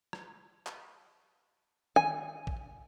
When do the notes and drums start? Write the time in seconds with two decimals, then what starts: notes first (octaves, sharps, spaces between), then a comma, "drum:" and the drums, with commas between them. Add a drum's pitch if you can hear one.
0.13 drum: rim click
0.66 drum: clap
1.96 G#5, drum: tom D#3
2.47 drum: kick